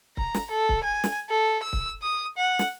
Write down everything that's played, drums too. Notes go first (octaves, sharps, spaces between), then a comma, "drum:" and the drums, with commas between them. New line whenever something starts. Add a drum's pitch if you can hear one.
A#5, drum: kick C#1
drum: snare
A4
drum: kick C#1
G#5
drum: snare
A4
E6
drum: kick C#1
D#6
F#5
drum: snare